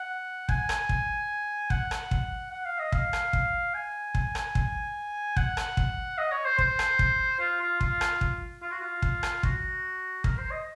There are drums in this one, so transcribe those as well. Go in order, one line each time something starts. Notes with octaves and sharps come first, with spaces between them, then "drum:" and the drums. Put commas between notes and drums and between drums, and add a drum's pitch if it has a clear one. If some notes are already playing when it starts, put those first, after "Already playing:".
Already playing: F#5
G#5, drum: kick
drum: rim click
drum: kick
F#5, drum: kick
drum: rim click
drum: kick
F#5
F5
D#5
F5, drum: kick
drum: rim click
drum: kick
G#5
drum: kick
drum: rim click
drum: kick
F#5, drum: kick
drum: rim click
drum: kick
D#5
C#5
C5
C5, drum: kick
drum: rim click
drum: kick
F4
F4
F4, drum: kick
drum: rim click
drum: kick
F4
F#4
F4
drum: kick
drum: rim click
F#4, drum: kick
A#4, drum: kick
C5
D#5